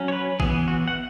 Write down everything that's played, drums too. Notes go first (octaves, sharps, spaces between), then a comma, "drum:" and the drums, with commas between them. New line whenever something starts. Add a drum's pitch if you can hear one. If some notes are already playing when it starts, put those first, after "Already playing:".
Already playing: F#3 C#4
C#5
B4
E3 B3 G#4, drum: kick
F#4
F#5